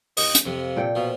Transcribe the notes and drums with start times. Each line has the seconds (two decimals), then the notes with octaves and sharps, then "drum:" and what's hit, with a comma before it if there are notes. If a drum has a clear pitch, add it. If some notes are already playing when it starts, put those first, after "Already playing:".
0.17 D#2 D#5, drum: open hi-hat
0.35 drum: hi-hat
0.45 F2 C3 F3
0.77 A#2 A4 G5
0.95 B2 F3